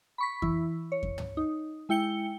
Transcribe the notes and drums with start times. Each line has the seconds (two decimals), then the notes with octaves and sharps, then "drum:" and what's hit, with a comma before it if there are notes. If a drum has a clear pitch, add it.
0.18 B5 C#6 B6
0.42 E3 E4, drum: kick F2
0.92 C#5
1.03 drum: kick F2
1.18 drum: tom
1.37 D#4
1.89 G#3 E4 G5 C#7 G7